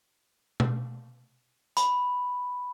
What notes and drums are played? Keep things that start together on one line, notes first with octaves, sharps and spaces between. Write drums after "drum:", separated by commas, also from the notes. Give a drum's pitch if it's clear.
drum: tom B2
B5, drum: hi-hat